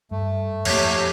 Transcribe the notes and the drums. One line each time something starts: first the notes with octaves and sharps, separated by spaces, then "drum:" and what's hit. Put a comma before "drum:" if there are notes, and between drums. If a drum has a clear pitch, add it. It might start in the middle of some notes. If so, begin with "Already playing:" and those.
G2 A3
F2 A2 G4 C#5, drum: cymbal